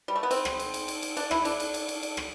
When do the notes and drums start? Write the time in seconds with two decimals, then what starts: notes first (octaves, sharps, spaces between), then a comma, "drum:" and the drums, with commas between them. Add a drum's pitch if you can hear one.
0.08 G3
0.15 A3
0.23 B3
0.31 C4, drum: cymbal
0.45 drum: rim click
0.59 drum: cymbal
0.74 drum: cymbal
0.88 drum: cymbal
1.02 drum: cymbal
1.17 D4, drum: cymbal
1.31 E4, drum: rim click
1.45 D4, drum: cymbal
1.60 drum: cymbal
1.74 drum: cymbal
1.88 drum: cymbal
2.03 drum: cymbal
2.17 drum: rim click